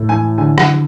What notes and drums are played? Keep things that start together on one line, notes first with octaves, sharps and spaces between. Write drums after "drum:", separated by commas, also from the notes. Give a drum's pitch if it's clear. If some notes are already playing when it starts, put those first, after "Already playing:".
Already playing: A2
E3 G#5
D3 G#5
F#5, drum: rim click